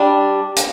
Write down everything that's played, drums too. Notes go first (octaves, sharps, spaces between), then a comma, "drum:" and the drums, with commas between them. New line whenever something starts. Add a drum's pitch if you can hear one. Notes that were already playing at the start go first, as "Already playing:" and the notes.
Already playing: G3 D4
drum: hi-hat